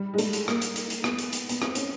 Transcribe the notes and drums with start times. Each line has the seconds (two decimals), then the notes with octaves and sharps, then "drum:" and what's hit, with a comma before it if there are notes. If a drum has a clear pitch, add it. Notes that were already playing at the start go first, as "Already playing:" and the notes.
Already playing: G3
0.14 G#3
0.18 A3, drum: hi-hat
0.33 drum: hi-hat
0.48 A#3, drum: rim click
0.62 drum: hi-hat
0.76 drum: hi-hat
0.90 drum: hi-hat
1.04 B3, drum: rim click
1.18 drum: hi-hat
1.33 drum: hi-hat
1.49 B3, drum: hi-hat
1.62 C4, drum: rim click
1.75 C#4, drum: hi-hat